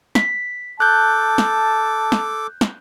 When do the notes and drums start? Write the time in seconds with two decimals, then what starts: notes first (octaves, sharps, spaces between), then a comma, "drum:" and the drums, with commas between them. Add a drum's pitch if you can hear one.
0.15 B6, drum: snare
0.80 A4 A5 D6 F#6 G6
1.38 drum: snare
2.12 drum: snare
2.61 drum: snare